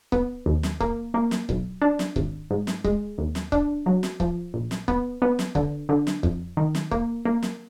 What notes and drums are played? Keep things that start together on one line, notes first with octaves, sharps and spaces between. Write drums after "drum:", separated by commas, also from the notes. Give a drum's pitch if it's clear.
B3, drum: kick C#1
D#2
drum: snare
A#3, drum: kick C#1
A#3
drum: snare
B1, drum: kick C#1
D4
drum: snare
G#1, drum: kick C#1
G#2
drum: snare
G#3, drum: kick C#1
D#2
drum: snare
D4, drum: kick C#1
F#3
drum: snare
F3, drum: kick C#1
A#1
drum: snare
B3, drum: kick C#1
B3
drum: snare
D3, drum: kick C#1
D3
drum: snare
F2, drum: kick C#1
D#3
drum: snare
A#3, drum: kick C#1
A#3
drum: snare